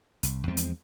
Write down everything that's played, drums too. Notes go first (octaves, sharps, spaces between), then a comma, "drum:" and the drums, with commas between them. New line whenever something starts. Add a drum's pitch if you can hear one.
C2, drum: hi-hat
E2 F3 G#3 C4
drum: hi-hat